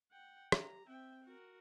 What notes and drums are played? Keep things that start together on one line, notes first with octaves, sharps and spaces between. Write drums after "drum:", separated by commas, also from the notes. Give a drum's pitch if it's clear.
F#5 G5
G4 A#5, drum: rim click
C4 E5 G5
F#4 A#4